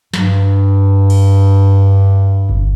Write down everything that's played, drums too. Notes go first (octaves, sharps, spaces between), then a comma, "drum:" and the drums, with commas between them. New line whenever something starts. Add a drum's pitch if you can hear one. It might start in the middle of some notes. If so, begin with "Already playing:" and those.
G2, drum: snare
drum: cymbal
drum: kick G1